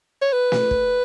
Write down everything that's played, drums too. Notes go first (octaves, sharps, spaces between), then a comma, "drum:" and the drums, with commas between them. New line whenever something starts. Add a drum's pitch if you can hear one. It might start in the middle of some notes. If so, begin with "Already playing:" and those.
C#5
B4
drum: snare
drum: kick